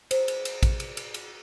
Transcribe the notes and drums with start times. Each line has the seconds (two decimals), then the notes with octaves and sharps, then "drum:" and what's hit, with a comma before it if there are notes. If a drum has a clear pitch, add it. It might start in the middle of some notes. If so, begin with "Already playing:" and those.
0.11 C5, drum: cymbal
0.28 drum: cymbal
0.45 drum: cymbal
0.63 drum: kick, cymbal
0.80 drum: cymbal
0.97 drum: cymbal
1.14 drum: cymbal